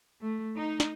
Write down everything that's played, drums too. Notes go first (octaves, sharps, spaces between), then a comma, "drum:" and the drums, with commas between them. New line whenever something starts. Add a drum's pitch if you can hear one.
A3
D#4
drum: snare